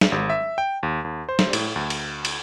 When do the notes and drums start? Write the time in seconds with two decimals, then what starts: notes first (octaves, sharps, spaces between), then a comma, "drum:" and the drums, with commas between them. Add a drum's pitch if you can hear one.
0.01 drum: snare
0.12 G#1
0.30 E5
0.58 G5
0.83 D#2
1.05 D#2
1.29 C5
1.39 drum: snare
1.53 A2, drum: cymbal
1.76 D2
1.90 drum: cymbal
2.25 drum: cymbal